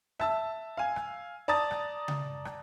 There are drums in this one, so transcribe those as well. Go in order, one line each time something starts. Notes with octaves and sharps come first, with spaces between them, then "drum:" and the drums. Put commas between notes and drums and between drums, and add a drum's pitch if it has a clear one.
E5 A5 E6, drum: rim click
F5 G#5
drum: rim click
D5 A5 A#5 D#6 A6
drum: rim click
drum: tom C#3
drum: rim click